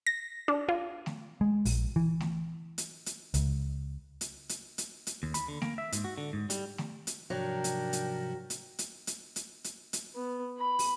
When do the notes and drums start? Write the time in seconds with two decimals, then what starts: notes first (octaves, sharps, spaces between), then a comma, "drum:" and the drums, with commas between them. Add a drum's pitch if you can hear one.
0.07 A#6
0.48 D4
0.69 F4
1.06 drum: snare A3
1.41 G#3
1.65 A#1, drum: open hi-hat
1.96 E3
2.20 drum: snare A3
2.78 drum: hi-hat
3.06 drum: hi-hat
3.34 C#2, drum: hi-hat
4.21 drum: hi-hat
4.49 drum: hi-hat
4.78 drum: hi-hat
5.07 drum: hi-hat
5.23 D#2
5.34 B5, drum: hi-hat
5.48 D3
5.62 A#3, drum: snare A3
5.78 E5
5.92 G#2, drum: hi-hat
6.04 F#4
6.18 D3
6.33 G#2
6.50 G3, drum: hi-hat
6.78 drum: snare A3
7.07 drum: hi-hat
7.30 G#2 C3 F3 F#3 D4 A#4 G5
7.64 drum: hi-hat
7.93 drum: hi-hat
8.50 drum: hi-hat
8.79 drum: hi-hat
9.07 drum: hi-hat
9.36 drum: hi-hat
9.64 drum: hi-hat
9.93 drum: hi-hat
10.15 B3
10.58 B5
10.79 drum: open hi-hat